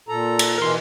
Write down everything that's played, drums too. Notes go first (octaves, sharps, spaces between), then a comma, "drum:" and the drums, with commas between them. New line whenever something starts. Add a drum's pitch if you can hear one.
A#2 A4 A#5
drum: cymbal
B2 E3 A#4 C6